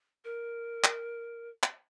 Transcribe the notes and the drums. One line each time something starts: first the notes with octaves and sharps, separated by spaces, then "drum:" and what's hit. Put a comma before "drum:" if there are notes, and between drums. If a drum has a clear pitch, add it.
A#4
drum: clap
drum: clap